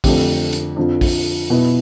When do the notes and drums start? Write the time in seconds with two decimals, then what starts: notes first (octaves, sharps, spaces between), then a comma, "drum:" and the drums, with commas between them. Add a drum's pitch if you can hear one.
0.04 F2 D3 A3 D4 G4, drum: kick, open hi-hat
0.53 drum: hi-hat
0.76 F2 D3 F3
1.01 drum: kick, open hi-hat
1.50 B2 B3 E4